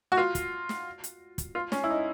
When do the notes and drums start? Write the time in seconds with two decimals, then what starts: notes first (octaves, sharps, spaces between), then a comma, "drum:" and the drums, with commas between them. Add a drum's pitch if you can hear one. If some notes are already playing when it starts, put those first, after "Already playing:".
0.12 F#4
0.18 F4
0.35 drum: kick, hi-hat
0.69 drum: snare
1.04 drum: hi-hat
1.38 drum: kick, hi-hat
1.55 F4
1.72 C#4, drum: snare
1.84 E4
1.90 D#4